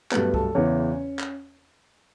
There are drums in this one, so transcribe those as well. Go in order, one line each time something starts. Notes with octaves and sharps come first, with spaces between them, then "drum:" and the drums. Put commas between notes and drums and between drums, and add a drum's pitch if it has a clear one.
G2 F#3 A3 B3 B4, drum: clap
A4, drum: kick C2
E2 C#3 E3 C#4 C#5
drum: clap